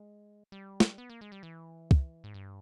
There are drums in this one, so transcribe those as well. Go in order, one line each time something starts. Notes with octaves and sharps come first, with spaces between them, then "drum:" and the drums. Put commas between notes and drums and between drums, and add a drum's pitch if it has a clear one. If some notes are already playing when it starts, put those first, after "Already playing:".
Already playing: G#3
G3
drum: snare
B3
A#3
G#3
G3
E3
drum: kick
G#2
G2